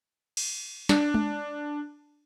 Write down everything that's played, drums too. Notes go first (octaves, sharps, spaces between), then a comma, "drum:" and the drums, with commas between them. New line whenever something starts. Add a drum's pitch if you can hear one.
drum: cymbal
D4, drum: snare
drum: tom G#3